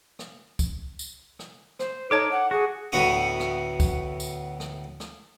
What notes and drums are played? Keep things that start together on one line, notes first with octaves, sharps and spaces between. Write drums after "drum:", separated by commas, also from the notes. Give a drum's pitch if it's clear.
drum: rim click
drum: kick C2, tambourine
drum: tambourine
drum: rim click
C5, drum: rim click
D#4 A4 C#5 A5 D6
F#5
F#4 G#4
D2 A2 B3 F#4 C#6 D#6
drum: rim click
drum: kick C2, tambourine
drum: tambourine
drum: rim click
drum: rim click